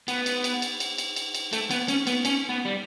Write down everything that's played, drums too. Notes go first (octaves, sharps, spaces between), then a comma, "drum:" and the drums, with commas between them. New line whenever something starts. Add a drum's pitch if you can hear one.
B3, drum: cymbal
drum: cymbal
drum: cymbal
drum: cymbal
drum: cymbal
drum: cymbal
drum: cymbal
drum: cymbal
A3, drum: cymbal
B3, drum: cymbal
C#4, drum: cymbal
B3, drum: cymbal
C#4, drum: cymbal
B3
G3